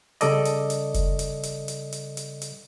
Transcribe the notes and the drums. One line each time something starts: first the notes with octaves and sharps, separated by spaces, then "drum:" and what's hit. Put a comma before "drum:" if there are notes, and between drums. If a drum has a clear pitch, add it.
C#3 G3 A4 D5 D#5, drum: hi-hat
drum: hi-hat
drum: hi-hat
drum: kick, hi-hat
drum: hi-hat
drum: hi-hat
drum: hi-hat
drum: hi-hat
drum: hi-hat
drum: hi-hat